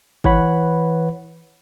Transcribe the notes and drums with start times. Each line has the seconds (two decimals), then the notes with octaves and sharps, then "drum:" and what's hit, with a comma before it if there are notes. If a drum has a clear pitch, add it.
0.24 E3 B4 C#5 F#5 B5, drum: kick